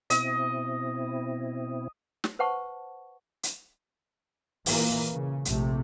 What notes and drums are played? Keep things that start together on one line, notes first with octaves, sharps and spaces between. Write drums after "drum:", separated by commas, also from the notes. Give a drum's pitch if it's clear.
B2 C4 E4 D#5, drum: hi-hat
drum: snare
B4 C5 F#5 A5 C#6
drum: hi-hat
A#2 E3 A#3, drum: open hi-hat
C#3
A#1 C3 A3, drum: hi-hat